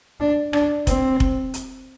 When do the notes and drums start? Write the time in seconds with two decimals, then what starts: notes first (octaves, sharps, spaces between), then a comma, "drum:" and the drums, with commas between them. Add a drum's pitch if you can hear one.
0.20 D4
0.53 D4, drum: rim click
0.87 C4, drum: kick F1, hi-hat
1.20 drum: kick F1
1.54 drum: hi-hat